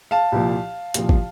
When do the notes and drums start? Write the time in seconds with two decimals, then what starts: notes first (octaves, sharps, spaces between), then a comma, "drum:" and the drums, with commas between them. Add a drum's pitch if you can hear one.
0.11 F5 A5
0.32 C2 A#2 F3
0.94 C2 A#2 F3, drum: hi-hat
1.09 drum: kick